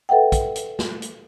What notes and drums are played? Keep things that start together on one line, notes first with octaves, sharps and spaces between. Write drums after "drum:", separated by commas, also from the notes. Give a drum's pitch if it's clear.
A4 B4 E5 F#5 G5
drum: kick, hi-hat
drum: hi-hat
drum: snare
drum: hi-hat